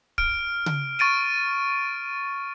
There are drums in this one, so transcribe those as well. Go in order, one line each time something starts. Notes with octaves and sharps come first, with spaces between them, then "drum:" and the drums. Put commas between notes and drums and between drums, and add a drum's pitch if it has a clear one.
F6 D7, drum: kick
drum: tom C#3
C#6 A6 D7 D#7